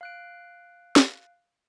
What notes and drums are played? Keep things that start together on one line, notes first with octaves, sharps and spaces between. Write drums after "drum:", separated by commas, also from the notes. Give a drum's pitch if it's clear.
F5 F#6 D7
drum: snare